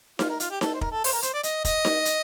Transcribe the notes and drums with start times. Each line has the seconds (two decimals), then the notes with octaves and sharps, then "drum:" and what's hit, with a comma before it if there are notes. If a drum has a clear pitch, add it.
0.19 F4, drum: snare D#4
0.29 A#4
0.40 F4, drum: hi-hat
0.51 G4
0.61 A4, drum: snare D#4
0.74 C5
0.81 A#4, drum: kick
0.91 A4
1.04 C5, drum: open hi-hat
1.13 A#4
1.22 C5, drum: hi-hat
1.34 D5
1.43 D#5, drum: hi-hat
1.65 D#5, drum: kick, hi-hat
1.85 drum: snare D#4
2.05 drum: hi-hat